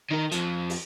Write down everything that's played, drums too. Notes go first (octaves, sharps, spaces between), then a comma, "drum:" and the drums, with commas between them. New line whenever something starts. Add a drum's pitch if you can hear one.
D#3 A#4
F2 F3, drum: hi-hat
drum: open hi-hat